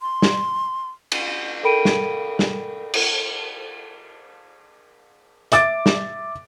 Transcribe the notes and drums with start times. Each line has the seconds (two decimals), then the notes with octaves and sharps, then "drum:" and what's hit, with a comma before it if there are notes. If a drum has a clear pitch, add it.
0.01 C6
0.22 drum: snare
1.12 drum: cymbal
1.63 A4 A#4 G5 B5 D7 D#7
1.85 drum: snare
2.39 drum: snare
2.94 drum: cymbal
5.52 E5 D6 A6 D7, drum: hi-hat
5.86 drum: snare